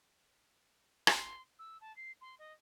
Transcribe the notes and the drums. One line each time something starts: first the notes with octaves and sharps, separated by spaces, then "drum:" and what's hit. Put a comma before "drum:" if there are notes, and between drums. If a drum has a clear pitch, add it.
C6, drum: rim click
E6
A5
C7
C6
D#5